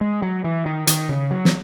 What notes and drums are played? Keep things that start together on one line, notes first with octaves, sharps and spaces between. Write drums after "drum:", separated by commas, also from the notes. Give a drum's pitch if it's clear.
G#3
F#3
E3
D#3
D#3, drum: hi-hat
C#3
F#3
drum: snare